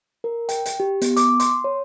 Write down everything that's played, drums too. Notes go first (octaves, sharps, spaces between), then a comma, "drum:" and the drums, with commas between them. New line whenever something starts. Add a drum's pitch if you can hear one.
A#4
G5, drum: hi-hat
drum: hi-hat
G4
B3, drum: hi-hat
D6, drum: hi-hat
C6, drum: hi-hat
C#5